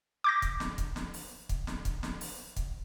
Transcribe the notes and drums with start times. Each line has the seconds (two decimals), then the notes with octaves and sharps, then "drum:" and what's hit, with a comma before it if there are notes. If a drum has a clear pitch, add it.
0.24 D6 G6 A#6
0.42 drum: kick, hi-hat
0.60 drum: snare
0.78 drum: kick, hi-hat
0.96 drum: snare
1.14 drum: open hi-hat
1.49 drum: kick, hi-hat
1.67 drum: snare
1.85 drum: kick, hi-hat
2.03 drum: snare
2.21 drum: open hi-hat
2.56 drum: kick, hi-hat